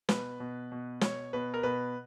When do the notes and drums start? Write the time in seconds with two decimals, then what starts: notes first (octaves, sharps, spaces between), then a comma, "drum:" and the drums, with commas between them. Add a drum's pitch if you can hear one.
0.09 B2 B4, drum: snare
0.40 B2
0.72 B2
1.01 B2 C#5, drum: snare
1.33 B2 B4
1.54 A#4
1.63 B2 B4